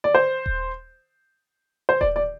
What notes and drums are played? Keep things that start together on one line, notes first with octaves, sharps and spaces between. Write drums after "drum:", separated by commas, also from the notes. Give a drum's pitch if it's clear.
D5
C5
drum: kick D#1
C5
D5, drum: kick D#1
D5